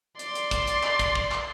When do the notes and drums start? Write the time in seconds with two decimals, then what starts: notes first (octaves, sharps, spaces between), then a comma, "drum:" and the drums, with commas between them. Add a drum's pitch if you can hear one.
0.19 D5 C6, drum: hi-hat
0.35 drum: hi-hat
0.51 drum: kick, hi-hat
0.67 drum: hi-hat
0.83 drum: clap
0.99 drum: kick, hi-hat
1.15 drum: kick
1.31 drum: clap